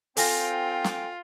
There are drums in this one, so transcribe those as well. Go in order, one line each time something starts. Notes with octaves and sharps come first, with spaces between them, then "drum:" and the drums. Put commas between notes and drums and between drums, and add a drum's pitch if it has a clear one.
C4 F4 A4 G5 G#5 A#6, drum: open hi-hat
drum: snare